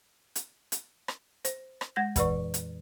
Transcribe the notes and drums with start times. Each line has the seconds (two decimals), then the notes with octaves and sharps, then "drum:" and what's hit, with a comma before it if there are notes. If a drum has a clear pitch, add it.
0.36 drum: hi-hat
0.72 drum: hi-hat
1.08 drum: rim click
1.45 C5, drum: hi-hat
1.81 drum: rim click
1.96 G#3 F#5 G6 A#6
2.16 F2 A#2 E3 B4 D5 C#6, drum: kick, hi-hat
2.54 drum: hi-hat